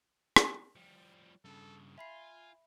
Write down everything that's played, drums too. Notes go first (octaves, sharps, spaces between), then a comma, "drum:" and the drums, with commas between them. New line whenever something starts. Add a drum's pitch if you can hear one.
drum: rim click
F3 G3
G2 C#3 A4
F4 E5 G#5 B5 C7